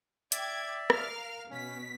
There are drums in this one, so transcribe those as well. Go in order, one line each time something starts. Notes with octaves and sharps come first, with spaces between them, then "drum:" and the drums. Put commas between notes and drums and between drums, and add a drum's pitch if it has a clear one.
D5 E5 G5 D6 G#6, drum: hi-hat
A#4 F5 F6, drum: rim click
B2 C#4 B6